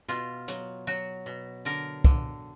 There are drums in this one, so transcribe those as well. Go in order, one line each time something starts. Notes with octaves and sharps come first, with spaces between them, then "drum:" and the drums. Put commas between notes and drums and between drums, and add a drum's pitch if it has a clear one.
B2 F4, drum: hi-hat
F#3, drum: hi-hat
F#3 F#4
B2
D3 A#4
D3, drum: kick